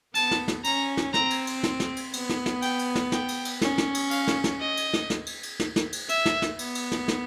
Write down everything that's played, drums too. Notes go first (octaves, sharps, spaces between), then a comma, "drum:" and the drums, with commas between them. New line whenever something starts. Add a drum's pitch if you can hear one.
B3 A5, drum: cymbal
drum: snare
drum: snare
C#4 A#5, drum: cymbal
drum: snare
C4 A#5, drum: snare
drum: cymbal
drum: cymbal
drum: snare
drum: snare
drum: cymbal
B3, drum: cymbal
drum: snare
drum: snare
G5, drum: cymbal
drum: cymbal
drum: snare
G5, drum: snare
drum: cymbal
drum: cymbal
C#4, drum: snare
drum: snare
drum: cymbal
F5, drum: cymbal
drum: snare
drum: snare
D#5
drum: cymbal
drum: snare
drum: snare
drum: cymbal
drum: cymbal
drum: snare
drum: snare
drum: cymbal
E5, drum: cymbal
drum: snare
drum: snare
B3, drum: cymbal
drum: cymbal
drum: snare
drum: snare